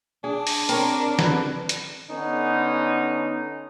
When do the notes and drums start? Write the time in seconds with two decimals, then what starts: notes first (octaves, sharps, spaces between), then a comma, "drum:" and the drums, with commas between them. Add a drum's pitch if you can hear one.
0.24 D4 G#4
0.47 drum: open hi-hat
0.69 C4 A#4 C#5, drum: open hi-hat
1.19 B4, drum: snare
1.69 drum: hi-hat
2.10 D3 B3 C#4 D#4